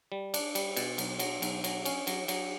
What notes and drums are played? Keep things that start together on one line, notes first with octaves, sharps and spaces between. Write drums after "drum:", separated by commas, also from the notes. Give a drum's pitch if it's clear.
G3
D4, drum: cymbal
G3, drum: cymbal
B2, drum: cymbal
B1, drum: cymbal
F#3, drum: cymbal
B1, drum: cymbal
F#3, drum: cymbal
C#4, drum: cymbal
F#3, drum: cymbal
F#3, drum: cymbal